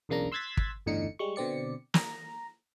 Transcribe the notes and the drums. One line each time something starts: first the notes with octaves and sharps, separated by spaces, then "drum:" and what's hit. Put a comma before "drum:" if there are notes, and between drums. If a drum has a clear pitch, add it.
B1 E2 C#3 A#3 D4 A#5
C6 E6 F#6 G#6 A6 B6
drum: kick
G1 E2 A2 D3 D#4 C#7
G3 G#3 C#6
B2 D3 C4 D5 C#7
A#5, drum: snare